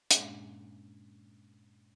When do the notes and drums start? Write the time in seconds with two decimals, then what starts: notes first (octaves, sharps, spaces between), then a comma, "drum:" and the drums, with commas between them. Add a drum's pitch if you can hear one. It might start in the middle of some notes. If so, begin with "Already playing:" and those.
0.11 G2 A#2 G#3 A#3 C#4 D4, drum: hi-hat